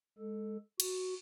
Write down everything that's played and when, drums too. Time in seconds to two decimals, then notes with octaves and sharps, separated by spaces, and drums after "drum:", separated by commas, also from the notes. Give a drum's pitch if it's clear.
0.18 G#3 A4
0.80 F#4, drum: cymbal